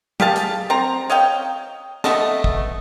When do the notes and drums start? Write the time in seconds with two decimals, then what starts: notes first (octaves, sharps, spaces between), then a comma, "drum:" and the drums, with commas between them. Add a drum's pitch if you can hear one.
0.20 G4 G#4 F5 A5, drum: tom
0.36 drum: hi-hat
0.70 C4 A#5
1.10 C#5 D#5 F5 G5
2.04 A3 B3 D#5 A5, drum: snare
2.44 drum: kick